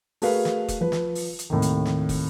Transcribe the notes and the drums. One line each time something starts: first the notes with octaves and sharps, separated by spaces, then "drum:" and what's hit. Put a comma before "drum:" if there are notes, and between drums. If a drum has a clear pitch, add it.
A3 F#4 G#4 A#4 B4 F5, drum: open hi-hat
drum: snare
drum: kick, hi-hat
F3 B4
drum: snare
drum: open hi-hat
drum: hi-hat
D#2 A2 C3 D#3
drum: hi-hat
drum: snare
drum: kick, open hi-hat